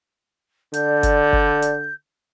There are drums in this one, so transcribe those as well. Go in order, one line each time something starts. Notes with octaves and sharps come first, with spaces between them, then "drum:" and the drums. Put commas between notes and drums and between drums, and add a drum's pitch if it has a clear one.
D3 D5 G6, drum: hi-hat
drum: kick, hi-hat
drum: kick
drum: hi-hat